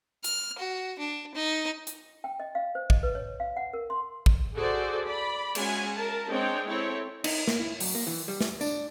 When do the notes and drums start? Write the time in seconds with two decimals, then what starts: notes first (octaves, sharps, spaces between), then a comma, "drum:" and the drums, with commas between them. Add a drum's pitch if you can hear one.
0.24 F6, drum: hi-hat
0.59 F#4
0.99 D4
1.35 D#4
1.87 drum: hi-hat
2.24 G5
2.40 D#5
2.55 F5
2.75 C5
2.90 D#5, drum: kick
3.03 B4
3.15 C#5
3.40 F5
3.57 F#5
3.73 A#4
3.90 C6
4.26 drum: kick
4.55 F#4 G#4 A4 C5 D5
5.05 D5 B5
5.55 G#3 C#4 F#4 G#5, drum: cymbal
5.95 A#4 A5
6.27 G#3 C4 D4 C#5 G5
6.67 C4 E4 A4 C#5
7.24 D#4, drum: cymbal
7.48 A#3, drum: snare
7.60 E4
7.80 F#2, drum: open hi-hat
7.95 A#3
8.07 E3
8.28 G3
8.41 drum: snare
8.61 D4, drum: tambourine